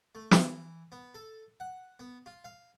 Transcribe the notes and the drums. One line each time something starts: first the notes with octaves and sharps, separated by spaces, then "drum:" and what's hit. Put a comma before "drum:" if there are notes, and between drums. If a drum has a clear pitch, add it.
A3
E3, drum: snare
B3
A4
F#5
B3
F4
F5